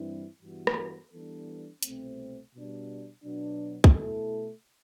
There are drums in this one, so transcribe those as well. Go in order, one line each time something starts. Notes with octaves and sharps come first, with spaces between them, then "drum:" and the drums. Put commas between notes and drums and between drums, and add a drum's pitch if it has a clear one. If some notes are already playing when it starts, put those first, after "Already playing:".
Already playing: G2 E3 G3 C4 E4
G2 E3 G3 B3 F#4
drum: rim click
E3 G3 B3 D4 A4
C2 B2 A3 C4, drum: hi-hat
B2 G3 D4
B2 F#3 B3 D4
drum: kick
B2 A3 E4 A4